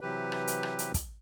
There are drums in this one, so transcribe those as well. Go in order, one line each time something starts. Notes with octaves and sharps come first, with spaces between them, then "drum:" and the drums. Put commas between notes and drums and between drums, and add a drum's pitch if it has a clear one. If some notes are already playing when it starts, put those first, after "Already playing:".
C3 E3 F#3 G4 B4
drum: rim click
drum: hi-hat
drum: rim click
drum: hi-hat
drum: kick, hi-hat